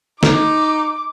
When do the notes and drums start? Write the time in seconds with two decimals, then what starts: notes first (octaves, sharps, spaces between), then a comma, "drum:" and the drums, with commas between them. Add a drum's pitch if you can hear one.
0.23 D#4 D6, drum: snare